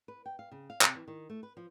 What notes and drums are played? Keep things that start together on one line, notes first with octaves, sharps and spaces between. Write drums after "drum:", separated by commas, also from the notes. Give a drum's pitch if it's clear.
B4
G5
F5
C#3
F5
C3, drum: clap
E3
D#3
A3
B4
F3